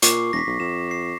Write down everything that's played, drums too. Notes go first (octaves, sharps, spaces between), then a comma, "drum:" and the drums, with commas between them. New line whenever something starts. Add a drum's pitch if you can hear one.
A#2 C#6 D6 C7, drum: hi-hat
E1 A#6 B6
B1
F2 E7
C7